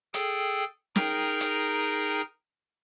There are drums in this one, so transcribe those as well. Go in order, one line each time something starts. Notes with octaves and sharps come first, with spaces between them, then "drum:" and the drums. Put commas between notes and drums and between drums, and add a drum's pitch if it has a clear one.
G#4 A4 G5, drum: hi-hat
D#4 G#4 A#4 G5 A#5, drum: snare
drum: hi-hat